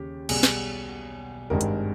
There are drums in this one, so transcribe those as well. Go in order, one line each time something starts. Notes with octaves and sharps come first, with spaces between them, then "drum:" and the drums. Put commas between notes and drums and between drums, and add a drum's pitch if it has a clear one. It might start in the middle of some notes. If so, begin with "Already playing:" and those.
Already playing: D#2 C#3 G4
B1 B2 G3 G#4, drum: cymbal
drum: snare
G#1 G2 D#3 G#3 A#4
drum: hi-hat